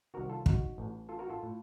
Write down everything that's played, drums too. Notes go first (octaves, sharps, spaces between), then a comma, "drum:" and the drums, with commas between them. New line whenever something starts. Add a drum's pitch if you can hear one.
C2 C3 D#3 F#4 A#4
F4 A4
D#4 F#4, drum: kick
A1 A2
F4 A4
F#4 A#4
F4 A4
A2